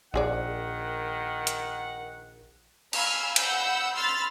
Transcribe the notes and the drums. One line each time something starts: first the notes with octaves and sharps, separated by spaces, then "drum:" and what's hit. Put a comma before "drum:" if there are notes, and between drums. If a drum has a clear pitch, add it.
A#1 D#3 D#4 G#4 D5 F#5
drum: hi-hat
F5 G#5 B5 E6 F6, drum: cymbal
F#5 B5 E6 G6, drum: cymbal
B5 C6 E6 F6 A6